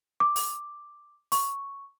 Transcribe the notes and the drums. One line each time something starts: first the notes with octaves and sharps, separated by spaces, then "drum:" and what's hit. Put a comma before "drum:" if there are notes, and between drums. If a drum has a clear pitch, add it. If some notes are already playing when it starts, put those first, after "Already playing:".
D6
drum: open hi-hat
C#6, drum: open hi-hat